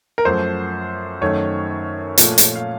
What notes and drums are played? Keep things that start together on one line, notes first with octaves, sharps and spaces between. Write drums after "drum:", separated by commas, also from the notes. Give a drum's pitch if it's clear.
A#4
F#2 F3 A3 C5
F#2 D#3 A3 C#5
A#2 F3 A3, drum: hi-hat
drum: hi-hat
F5